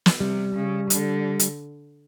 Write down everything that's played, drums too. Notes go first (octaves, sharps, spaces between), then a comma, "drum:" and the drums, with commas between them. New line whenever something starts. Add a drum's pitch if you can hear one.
drum: snare
C3 G3
C#3
D3, drum: hi-hat
drum: hi-hat